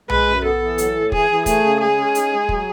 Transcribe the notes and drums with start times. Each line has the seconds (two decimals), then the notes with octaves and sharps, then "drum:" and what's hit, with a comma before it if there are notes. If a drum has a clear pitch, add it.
0.10 G#3 B4, drum: tom B1
0.27 F#2
0.44 B3 A4
0.62 E3
0.78 F#3, drum: hi-hat
0.96 A2
1.12 E3 G#4, drum: kick
1.30 E3
1.46 A3 G#4, drum: kick, hi-hat
1.64 C#3
1.80 G#3 G#4
1.98 C#4
2.15 D#4, drum: hi-hat
2.32 G#3
2.49 F#3, drum: kick